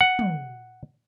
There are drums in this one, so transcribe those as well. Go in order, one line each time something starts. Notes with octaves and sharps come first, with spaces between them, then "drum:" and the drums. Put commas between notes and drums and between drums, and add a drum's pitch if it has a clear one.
F#5
drum: tom